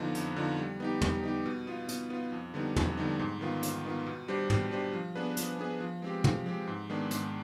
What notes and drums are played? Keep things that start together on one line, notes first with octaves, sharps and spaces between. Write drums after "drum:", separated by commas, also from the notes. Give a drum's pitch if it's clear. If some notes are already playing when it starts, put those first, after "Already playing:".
Already playing: F2 D3 F3 B3 D#4
F2, drum: hi-hat
D3 F3 B3 D#4
G3
B3 D#4 G4
G3, drum: tom
B3 D#4 G4
B2
B3 F4
B2, drum: hi-hat
B3 F4
F2
D3 G3 B3 D#4
F2, drum: tom
D3 G3 B3 D#4
G#2
D#3 B3 F4
G#2, drum: hi-hat
D#3 B3 F4
B2
G3 D4 G4 C5
B2, drum: tom
G3 D4 G4 C5
F3
B3 D4 G#4 B4
F3, drum: hi-hat
B3 D4 G#4 B4
F3
G#3 C4 G4
F3, drum: tom
G#3 C4 G4
G#2
D#3 G#3 B3 D4
G#2, drum: hi-hat